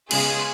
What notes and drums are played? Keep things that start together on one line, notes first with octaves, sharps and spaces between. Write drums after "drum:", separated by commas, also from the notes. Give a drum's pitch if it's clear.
C#3 G#3 B3 F4 G#4, drum: cymbal